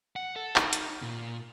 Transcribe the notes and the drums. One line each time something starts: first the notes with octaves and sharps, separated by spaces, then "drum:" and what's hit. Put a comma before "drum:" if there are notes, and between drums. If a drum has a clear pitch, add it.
F#5
A4
D#4, drum: clap
drum: hi-hat
A#2